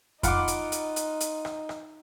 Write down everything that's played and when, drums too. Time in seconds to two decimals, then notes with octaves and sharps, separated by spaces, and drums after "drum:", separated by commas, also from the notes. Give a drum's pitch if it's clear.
0.23 D#4 F4 F5 F#5 B5 D6, drum: kick F2, hi-hat
0.48 drum: hi-hat
0.72 drum: hi-hat
0.96 drum: hi-hat
1.20 drum: hi-hat
1.45 drum: rim click
1.69 drum: rim click